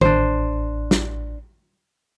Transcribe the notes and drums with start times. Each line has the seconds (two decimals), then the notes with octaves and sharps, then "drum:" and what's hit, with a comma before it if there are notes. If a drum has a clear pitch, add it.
0.01 A1 D4 C5, drum: tom D#3
0.91 drum: snare